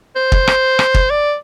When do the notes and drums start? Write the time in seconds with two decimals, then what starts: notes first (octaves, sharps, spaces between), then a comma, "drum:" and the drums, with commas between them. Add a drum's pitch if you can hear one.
0.16 C5
0.32 drum: kick
0.47 drum: rim click
0.79 drum: rim click
0.94 drum: kick
1.10 D5